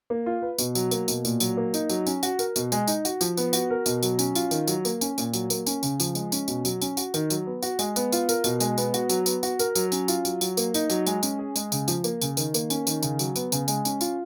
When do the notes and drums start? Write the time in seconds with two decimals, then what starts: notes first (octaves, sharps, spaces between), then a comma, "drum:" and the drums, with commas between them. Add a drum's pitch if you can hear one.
0.10 A#3
0.26 F4
0.42 B4
0.58 B2, drum: tambourine
0.75 F#3, drum: tambourine
0.91 A#3, drum: tambourine
1.08 B2, drum: tambourine
1.25 A#2, drum: tambourine
1.40 F#3, drum: tambourine
1.57 A#3
1.74 D#4, drum: tambourine
1.89 F#3, drum: tambourine
2.07 C#4, drum: tambourine
2.23 F#4, drum: tambourine
2.39 A#4, drum: tambourine
2.56 B2, drum: tambourine
2.72 G#3, drum: tambourine
2.88 D#4, drum: tambourine
3.05 F#4, drum: tambourine
3.21 F3, drum: tambourine
3.37 B3, drum: tambourine
3.53 F#4, drum: tambourine
3.70 A#4
3.86 B2, drum: tambourine
4.03 F#3, drum: tambourine
4.19 C#4, drum: tambourine
4.35 F4, drum: tambourine
4.51 D#3, drum: tambourine
4.68 F#3, drum: tambourine
4.85 A#3, drum: tambourine
5.01 C#4, drum: tambourine
5.18 A#2, drum: tambourine
5.34 F#3, drum: tambourine
5.50 A#3, drum: tambourine
5.67 C#4, drum: tambourine
5.83 C#3, drum: tambourine
6.00 F3, drum: tambourine
6.15 G#3, drum: tambourine
6.32 C#4, drum: tambourine
6.48 B2, drum: tambourine
6.65 F#3, drum: tambourine
6.82 C#4, drum: tambourine
6.97 F#4, drum: tambourine
7.14 D#3, drum: tambourine
7.30 F#3, drum: tambourine
7.46 B3
7.63 F#4, drum: tambourine
7.79 G#3, drum: tambourine
7.96 B3, drum: tambourine
8.12 F4, drum: tambourine
8.29 A#4, drum: tambourine
8.44 B2, drum: tambourine
8.60 G#3, drum: tambourine
8.78 B3, drum: tambourine
8.94 F#4, drum: tambourine
9.09 F#3, drum: tambourine
9.26 B3, drum: tambourine
9.43 F#4, drum: tambourine
9.59 A#4, drum: tambourine
9.75 F#3, drum: tambourine
9.92 C#4, drum: tambourine
10.08 F4, drum: tambourine
10.25 F#3, drum: tambourine
10.41 F#3, drum: tambourine
10.57 A#3, drum: tambourine
10.74 D#4, drum: tambourine
10.90 F#3, drum: tambourine
11.07 G#3, drum: tambourine
11.23 C#4, drum: tambourine
11.39 G#4
11.56 G#3, drum: tambourine
11.72 C#3, drum: tambourine
11.88 F3, drum: tambourine
12.04 A#3, drum: tambourine
12.21 C#3, drum: tambourine
12.37 D#3, drum: tambourine
12.54 A#3, drum: tambourine
12.70 C#4, drum: tambourine
12.87 D#3, drum: tambourine
13.03 C#3, drum: tambourine
13.19 F#3, drum: tambourine
13.36 B3, drum: tambourine
13.52 C#3, drum: tambourine
13.68 G#3, drum: tambourine
13.85 C#4, drum: tambourine
14.01 F4, drum: tambourine